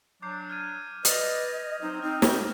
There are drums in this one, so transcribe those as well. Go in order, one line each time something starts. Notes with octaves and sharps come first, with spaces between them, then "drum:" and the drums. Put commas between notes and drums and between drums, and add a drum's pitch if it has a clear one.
F#3 D4 D6 G6 C7
F6 G#6 D#7
B4 D5 D#5 D#6 C7 F7, drum: hi-hat
F#3 C4 D#4 C5
C4 D#4 F6
drum: snare